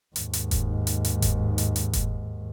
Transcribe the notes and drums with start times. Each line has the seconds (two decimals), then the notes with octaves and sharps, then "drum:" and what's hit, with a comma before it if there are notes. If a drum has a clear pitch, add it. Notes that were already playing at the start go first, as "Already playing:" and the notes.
0.16 D#2 G#2, drum: hi-hat
0.33 drum: hi-hat
0.51 drum: kick F1, hi-hat
0.87 drum: hi-hat
1.05 drum: hi-hat
1.22 drum: kick F1, hi-hat
1.58 drum: hi-hat
1.76 drum: hi-hat
1.93 drum: kick F1, hi-hat